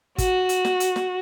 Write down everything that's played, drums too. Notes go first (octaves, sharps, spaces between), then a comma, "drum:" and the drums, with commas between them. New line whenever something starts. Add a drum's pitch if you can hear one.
F#4, drum: kick, hi-hat
drum: hi-hat
drum: snare
drum: hi-hat
drum: snare